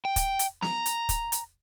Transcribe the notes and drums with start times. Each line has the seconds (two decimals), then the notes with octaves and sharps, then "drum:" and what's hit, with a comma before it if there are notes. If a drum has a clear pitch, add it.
0.05 G5
0.16 drum: kick, hi-hat
0.39 drum: hi-hat
0.62 A#5, drum: snare
0.86 drum: hi-hat
1.09 drum: kick, hi-hat
1.32 drum: hi-hat